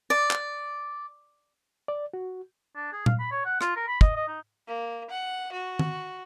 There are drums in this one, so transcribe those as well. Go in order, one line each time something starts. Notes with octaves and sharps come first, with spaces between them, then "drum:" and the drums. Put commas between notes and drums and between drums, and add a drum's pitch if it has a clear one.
D5
drum: clap
D5
F#4
D4
G#4
F5, drum: tom A#2
B5
C#5
F#5
F4, drum: rim click
A#4
B5
D#5, drum: kick
D#5
D#4
A#3
F#5
F#4
drum: tom D#3